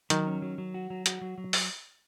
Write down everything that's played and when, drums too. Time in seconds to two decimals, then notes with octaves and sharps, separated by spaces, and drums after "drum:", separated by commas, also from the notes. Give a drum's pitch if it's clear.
0.10 D#3 F#3, drum: hi-hat
0.27 C#4
0.42 F#3
0.58 F#3
0.74 F#4
0.90 F#3
1.06 F#4, drum: hi-hat
1.21 F#3
1.38 F#3
1.53 drum: open hi-hat